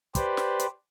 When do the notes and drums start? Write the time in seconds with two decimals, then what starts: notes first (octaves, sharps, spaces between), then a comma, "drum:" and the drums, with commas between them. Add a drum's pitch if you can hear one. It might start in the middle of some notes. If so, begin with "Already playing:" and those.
0.15 G4 B4 C5 D5, drum: kick, hi-hat
0.37 drum: snare
0.59 drum: hi-hat